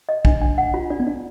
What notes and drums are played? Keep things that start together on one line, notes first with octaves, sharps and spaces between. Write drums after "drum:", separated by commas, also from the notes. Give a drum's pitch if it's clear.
D#5
D4, drum: kick
D4
F#5
F4
D4 D5
B3
D4 D5